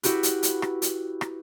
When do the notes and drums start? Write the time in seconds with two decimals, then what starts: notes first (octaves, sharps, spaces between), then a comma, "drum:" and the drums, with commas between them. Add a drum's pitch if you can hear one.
0.03 E4 F#4 G4 B4, drum: hi-hat
0.23 drum: hi-hat
0.43 drum: hi-hat
0.62 drum: rim click
0.82 drum: hi-hat
1.21 drum: rim click